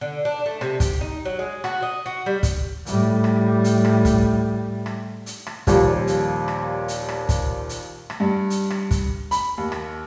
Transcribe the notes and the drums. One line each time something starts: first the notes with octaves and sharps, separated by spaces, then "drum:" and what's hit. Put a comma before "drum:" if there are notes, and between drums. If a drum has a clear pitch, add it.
D3
D4
A3
C3, drum: rim click
G4, drum: kick, hi-hat
D#4
F#3
G#3
F#4, drum: rim click
D#5
F#4
G3
drum: kick, hi-hat
A2 G3, drum: hi-hat
drum: rim click
drum: hi-hat
drum: rim click
drum: kick, hi-hat
drum: rim click
drum: hi-hat
drum: rim click
D#2 A#2 F3 G3, drum: kick, hi-hat
drum: hi-hat
drum: rim click
drum: hi-hat
drum: rim click
drum: kick, hi-hat
drum: hi-hat
drum: rim click
G2
drum: hi-hat
drum: rim click
drum: kick, hi-hat
B5, drum: hi-hat
D#2
drum: rim click